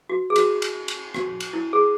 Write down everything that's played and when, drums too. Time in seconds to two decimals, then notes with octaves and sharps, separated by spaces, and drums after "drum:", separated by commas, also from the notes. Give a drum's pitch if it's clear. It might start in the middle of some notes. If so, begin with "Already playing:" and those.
0.10 F#4
0.30 G#4
0.36 F#4, drum: cymbal
0.62 drum: cymbal
0.88 drum: cymbal
1.14 F#4, drum: rim click
1.40 drum: cymbal
1.53 E4
1.73 G#4